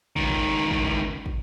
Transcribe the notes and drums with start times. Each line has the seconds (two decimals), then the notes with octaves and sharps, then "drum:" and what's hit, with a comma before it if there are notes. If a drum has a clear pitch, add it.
0.16 C#2 D#3, drum: kick
0.30 drum: kick
0.71 drum: kick
0.85 drum: kick
1.26 drum: kick